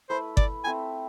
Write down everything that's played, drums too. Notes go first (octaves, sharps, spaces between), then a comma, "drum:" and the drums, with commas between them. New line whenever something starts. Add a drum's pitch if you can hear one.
A3 E4 B4 C5
D5, drum: kick G1
A3 C4 E4 G#5